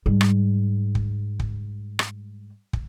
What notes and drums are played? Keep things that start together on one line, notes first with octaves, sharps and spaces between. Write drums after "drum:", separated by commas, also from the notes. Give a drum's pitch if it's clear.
G#2 G3
drum: rim click
drum: kick
drum: kick
drum: rim click
drum: kick